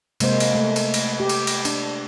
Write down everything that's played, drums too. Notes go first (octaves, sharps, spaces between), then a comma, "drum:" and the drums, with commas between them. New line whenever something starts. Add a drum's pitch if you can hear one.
C3 G#3 A#3 C5, drum: cymbal
drum: cymbal
A3
drum: cymbal
drum: cymbal
G4
drum: cymbal
drum: cymbal
D4, drum: cymbal